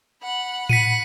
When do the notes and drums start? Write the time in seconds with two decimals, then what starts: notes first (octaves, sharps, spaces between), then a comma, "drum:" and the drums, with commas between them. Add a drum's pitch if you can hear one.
0.23 F#5 B5
0.69 B6 C#7 D#7, drum: tom A2